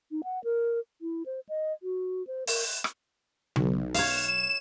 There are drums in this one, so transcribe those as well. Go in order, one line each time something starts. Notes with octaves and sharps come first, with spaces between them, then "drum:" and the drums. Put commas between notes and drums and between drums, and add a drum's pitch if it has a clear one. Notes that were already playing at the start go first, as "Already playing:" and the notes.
D#4
F#5
A#4
E4
C5
D#5
F#4
C5
A#4, drum: open hi-hat
drum: rim click
B1, drum: tom C#3
C#5 F5 E7, drum: open hi-hat